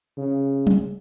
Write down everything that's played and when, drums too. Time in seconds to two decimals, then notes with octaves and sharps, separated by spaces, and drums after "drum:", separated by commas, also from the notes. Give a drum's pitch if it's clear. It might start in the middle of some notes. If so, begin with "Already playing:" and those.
0.17 C#3
0.67 drum: tom